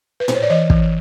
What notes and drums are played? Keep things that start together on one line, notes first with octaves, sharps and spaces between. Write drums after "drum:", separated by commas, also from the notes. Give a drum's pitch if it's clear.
B4
C5, drum: tom A2
C#5
D5
E3 C#5 D#5
E3, drum: kick